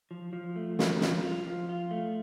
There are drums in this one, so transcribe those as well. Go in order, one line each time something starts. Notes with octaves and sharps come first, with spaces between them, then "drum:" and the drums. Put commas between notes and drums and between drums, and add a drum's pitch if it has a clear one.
F3
F3
A3
F4, drum: snare
F3, drum: snare
F4
F3
F4
A3